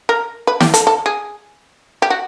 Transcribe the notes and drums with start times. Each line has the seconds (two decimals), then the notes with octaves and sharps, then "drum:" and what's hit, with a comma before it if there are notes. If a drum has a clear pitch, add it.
0.09 A#4
0.47 B4
0.60 G4, drum: snare
0.74 A4, drum: hi-hat
0.87 A4
1.06 G#4
2.02 G4
2.10 F#4